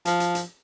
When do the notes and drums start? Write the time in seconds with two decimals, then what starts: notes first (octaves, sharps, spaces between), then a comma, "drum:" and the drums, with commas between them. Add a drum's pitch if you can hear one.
0.05 F3, drum: hi-hat
0.20 drum: hi-hat
0.35 drum: hi-hat